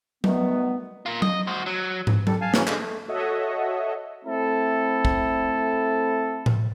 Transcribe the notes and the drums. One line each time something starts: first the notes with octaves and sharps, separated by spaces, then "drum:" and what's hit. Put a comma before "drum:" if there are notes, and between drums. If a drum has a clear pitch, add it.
B2 D#3 G3 A3 B3, drum: tom F#3
A#3 F4
D#5, drum: tom F#3
F#4 C5
F#3
drum: tom
G3 A4, drum: tom F#3
F5 G#5 A5
C#3 E3 F#3 C#4, drum: snare
D3 G#3, drum: clap
A3
F#4 A4 C#5 D#5 E5 F#5
A3 C4 E4 A4
drum: kick
drum: tom A2